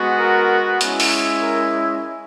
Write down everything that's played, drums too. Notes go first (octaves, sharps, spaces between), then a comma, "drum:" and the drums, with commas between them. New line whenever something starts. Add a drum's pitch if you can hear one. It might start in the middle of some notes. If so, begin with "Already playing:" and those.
Already playing: G#3 B3 F#4
A#4
G#3 C#4 E4, drum: hi-hat
drum: open hi-hat
A#4